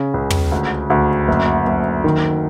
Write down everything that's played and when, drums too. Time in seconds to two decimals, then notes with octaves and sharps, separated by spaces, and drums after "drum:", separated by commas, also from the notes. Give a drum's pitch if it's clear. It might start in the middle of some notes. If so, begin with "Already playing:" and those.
Already playing: C#3
0.14 C#2
0.30 drum: tom
0.52 D2
0.90 D2
1.28 F#1
1.66 F#1
2.04 D#3